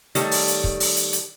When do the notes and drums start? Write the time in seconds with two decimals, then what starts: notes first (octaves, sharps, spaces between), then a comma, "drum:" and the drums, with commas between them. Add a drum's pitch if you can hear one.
0.15 D#3 G3 A3 C#5, drum: hi-hat
0.31 drum: open hi-hat
0.48 drum: hi-hat
0.64 drum: kick
0.80 drum: open hi-hat
0.96 drum: hi-hat
1.13 drum: hi-hat